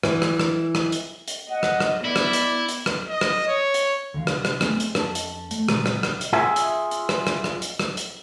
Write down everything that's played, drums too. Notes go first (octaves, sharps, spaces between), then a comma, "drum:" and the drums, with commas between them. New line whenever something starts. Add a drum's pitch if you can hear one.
E3, drum: rim click
drum: rim click
drum: rim click
drum: rim click
drum: hi-hat
drum: hi-hat
D#5 F#5
drum: rim click
drum: rim click
B3 E4 D5
drum: rim click
drum: hi-hat
drum: hi-hat
drum: rim click
D#5
drum: rim click
C#5
drum: hi-hat
D2 E3 F5
C3, drum: rim click
drum: rim click
A3 B3 C4 G#4, drum: rim click
drum: hi-hat
F2 C#4 A5, drum: rim click
drum: hi-hat
A3, drum: hi-hat
A#2 C#3 F#3 G#3 C4, drum: rim click
drum: rim click
drum: rim click
drum: hi-hat
F4 G#4 E5
drum: hi-hat
drum: hi-hat
drum: rim click
drum: rim click
drum: rim click
drum: hi-hat
drum: rim click
drum: hi-hat